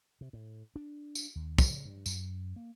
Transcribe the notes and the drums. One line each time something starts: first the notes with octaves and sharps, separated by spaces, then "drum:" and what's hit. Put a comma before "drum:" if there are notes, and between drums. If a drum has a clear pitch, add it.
C3
A2
D4
drum: tambourine
D#2
C#3, drum: kick, tambourine
G2
F#2, drum: tambourine
A#3